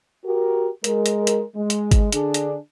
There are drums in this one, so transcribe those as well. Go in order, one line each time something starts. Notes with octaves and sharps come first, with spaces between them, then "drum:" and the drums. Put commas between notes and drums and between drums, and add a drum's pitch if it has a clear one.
F#4 G4 A#4
G#3 A#4, drum: hi-hat
drum: hi-hat
drum: hi-hat
G#3
drum: hi-hat
drum: kick G1, hi-hat
D3 D4 G#4, drum: hi-hat
drum: hi-hat